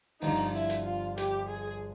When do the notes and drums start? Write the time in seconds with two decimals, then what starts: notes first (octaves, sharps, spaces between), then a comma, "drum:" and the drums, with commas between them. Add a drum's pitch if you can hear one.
0.21 G1 G2 D3 F3 D#4, drum: open hi-hat
0.53 E4
0.69 drum: hi-hat
0.85 F4
1.17 G4, drum: hi-hat
1.49 G#4